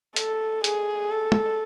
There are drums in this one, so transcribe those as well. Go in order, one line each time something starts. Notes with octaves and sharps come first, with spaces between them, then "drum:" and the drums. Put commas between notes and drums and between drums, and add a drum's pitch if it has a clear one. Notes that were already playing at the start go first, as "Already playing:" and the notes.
A4, drum: hi-hat
G#4, drum: hi-hat
A4
drum: tom